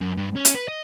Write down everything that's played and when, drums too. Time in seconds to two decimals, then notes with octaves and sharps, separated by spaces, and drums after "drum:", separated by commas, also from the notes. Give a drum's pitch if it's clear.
0.01 F#2
0.18 G2
0.36 C#4
0.45 drum: hi-hat
0.55 B4
0.68 D#5